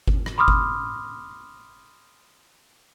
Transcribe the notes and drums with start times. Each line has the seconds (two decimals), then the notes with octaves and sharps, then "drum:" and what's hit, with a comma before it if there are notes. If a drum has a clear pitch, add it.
0.08 drum: kick G1
0.26 drum: rim click
0.38 B5 C6 D6 D#6 F6
0.48 drum: kick G1